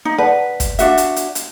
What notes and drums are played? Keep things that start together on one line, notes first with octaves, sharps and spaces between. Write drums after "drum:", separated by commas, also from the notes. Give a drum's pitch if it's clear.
D#4
B4 D5 F#5 A5
drum: kick, hi-hat
D4 F#4 E5, drum: hi-hat
drum: hi-hat
drum: hi-hat
drum: hi-hat